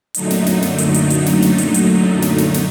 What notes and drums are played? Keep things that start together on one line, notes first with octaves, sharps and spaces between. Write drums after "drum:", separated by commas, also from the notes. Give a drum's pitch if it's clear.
F#2 A#2 D3 F#3 A3 D#4, drum: hi-hat
drum: snare
drum: snare
drum: snare
drum: hi-hat
drum: hi-hat
drum: hi-hat
drum: snare
drum: snare
drum: hi-hat
drum: hi-hat
drum: snare
drum: snare
drum: snare